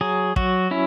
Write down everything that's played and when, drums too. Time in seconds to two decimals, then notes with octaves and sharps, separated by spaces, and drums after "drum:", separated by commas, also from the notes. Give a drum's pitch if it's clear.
0.01 F#3 G#4
0.36 F#3 F#4, drum: kick
0.71 C#4 E4